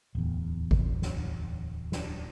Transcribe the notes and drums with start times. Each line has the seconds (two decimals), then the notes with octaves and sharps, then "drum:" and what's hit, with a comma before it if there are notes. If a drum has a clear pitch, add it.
0.15 D1 E2
0.71 drum: kick G#1
1.02 drum: snare
1.92 drum: snare